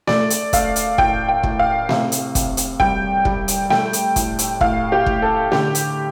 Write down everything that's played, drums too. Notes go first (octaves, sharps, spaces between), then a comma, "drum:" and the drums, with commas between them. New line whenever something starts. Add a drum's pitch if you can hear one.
A3 D5, drum: snare A3
drum: hi-hat
A3 F5, drum: kick, hi-hat
drum: hi-hat
A2 G5, drum: kick
G5
A2, drum: kick
F5
C3, drum: snare A3
drum: hi-hat
C3, drum: kick, hi-hat
drum: hi-hat
G3 G5, drum: kick
G3, drum: kick
drum: hi-hat
A3 G5, drum: snare A3
drum: hi-hat
A2, drum: kick, hi-hat
drum: hi-hat
A2 F5, drum: kick
G4
A2, drum: kick
A4
D3 G4, drum: snare A3
drum: hi-hat